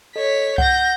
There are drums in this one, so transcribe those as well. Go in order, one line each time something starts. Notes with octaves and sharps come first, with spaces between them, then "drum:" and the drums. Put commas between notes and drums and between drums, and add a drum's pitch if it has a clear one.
A4 C#5 D#5 B6
F#5 G6 A#6, drum: kick C2